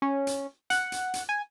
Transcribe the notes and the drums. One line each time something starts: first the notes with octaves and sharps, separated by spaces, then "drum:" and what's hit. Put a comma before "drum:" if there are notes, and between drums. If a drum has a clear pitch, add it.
C#4
drum: hi-hat
F#5, drum: hi-hat
drum: hi-hat
drum: hi-hat
G#5